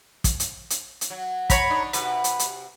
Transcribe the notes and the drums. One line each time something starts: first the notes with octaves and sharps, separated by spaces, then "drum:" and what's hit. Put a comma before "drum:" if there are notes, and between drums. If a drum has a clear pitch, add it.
drum: kick, hi-hat
drum: hi-hat
drum: hi-hat
drum: hi-hat
F#3
C#5 A#5 B5, drum: kick, hi-hat
D4 D#4
C3 F#4 B4, drum: hi-hat
drum: hi-hat
drum: hi-hat